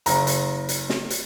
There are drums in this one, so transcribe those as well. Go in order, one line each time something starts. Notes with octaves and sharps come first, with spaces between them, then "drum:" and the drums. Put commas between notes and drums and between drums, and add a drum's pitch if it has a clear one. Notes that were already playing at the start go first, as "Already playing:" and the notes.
F#1 A#5, drum: hi-hat
drum: hi-hat
drum: hi-hat
drum: snare
drum: hi-hat